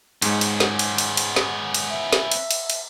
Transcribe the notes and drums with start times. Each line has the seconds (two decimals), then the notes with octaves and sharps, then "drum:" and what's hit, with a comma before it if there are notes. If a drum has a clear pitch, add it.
0.22 G#2 G#3 B3 C#4, drum: cymbal
0.41 drum: cymbal
0.60 drum: snare
0.79 drum: cymbal
0.98 drum: cymbal
1.17 drum: cymbal
1.36 drum: snare
1.74 drum: cymbal
1.90 E5
2.12 drum: snare
2.32 drum: cymbal
2.51 drum: cymbal
2.70 drum: cymbal